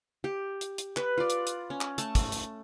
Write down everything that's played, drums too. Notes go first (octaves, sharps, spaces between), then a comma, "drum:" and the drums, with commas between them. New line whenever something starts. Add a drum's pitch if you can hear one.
G4
drum: hi-hat
drum: hi-hat
B4, drum: clap
F4 D5
drum: hi-hat
drum: hi-hat
C#4
drum: clap
A3 A5, drum: hi-hat
drum: kick, hi-hat
drum: hi-hat